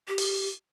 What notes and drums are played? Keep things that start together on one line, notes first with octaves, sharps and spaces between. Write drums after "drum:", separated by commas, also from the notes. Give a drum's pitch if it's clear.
G4
drum: open hi-hat